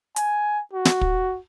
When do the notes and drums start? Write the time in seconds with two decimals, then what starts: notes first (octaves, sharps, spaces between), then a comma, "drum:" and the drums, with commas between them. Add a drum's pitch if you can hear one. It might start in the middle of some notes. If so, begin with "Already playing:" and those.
0.16 G#5, drum: hi-hat
0.73 F#4
0.85 drum: snare
1.01 drum: kick